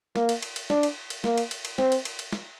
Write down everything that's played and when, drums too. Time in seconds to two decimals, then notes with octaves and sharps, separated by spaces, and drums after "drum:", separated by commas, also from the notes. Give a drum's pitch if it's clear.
0.16 A#3, drum: snare
0.29 drum: cymbal
0.42 drum: cymbal
0.56 drum: cymbal
0.70 D4, drum: snare
0.83 drum: cymbal
1.10 drum: cymbal
1.24 A#3, drum: snare
1.38 drum: cymbal
1.51 drum: cymbal
1.65 drum: cymbal
1.78 C4, drum: snare
1.92 drum: cymbal
2.05 drum: cymbal
2.19 drum: cymbal
2.33 drum: snare